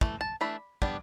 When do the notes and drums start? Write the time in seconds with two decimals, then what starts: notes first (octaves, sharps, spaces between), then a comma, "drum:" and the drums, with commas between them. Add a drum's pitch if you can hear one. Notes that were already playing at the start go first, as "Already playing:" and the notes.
0.01 E3 A3, drum: kick
0.21 A5
0.41 E3 A3 D4 B5
0.82 G3 B3 D4, drum: kick